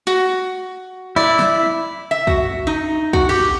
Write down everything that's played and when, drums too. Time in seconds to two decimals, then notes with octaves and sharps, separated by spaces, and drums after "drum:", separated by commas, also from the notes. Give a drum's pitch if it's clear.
0.07 F#4
1.16 E4 D5
1.39 drum: snare
2.11 E5
2.27 F#4, drum: kick
2.67 D#4
3.13 F#4, drum: kick
3.29 G4, drum: cymbal